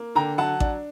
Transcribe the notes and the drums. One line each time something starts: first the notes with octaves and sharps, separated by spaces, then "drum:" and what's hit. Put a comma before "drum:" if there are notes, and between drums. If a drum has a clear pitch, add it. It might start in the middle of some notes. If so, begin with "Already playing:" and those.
Already playing: A#3
D3 G5 A#5
F#3 F#5 A5
D4, drum: kick A1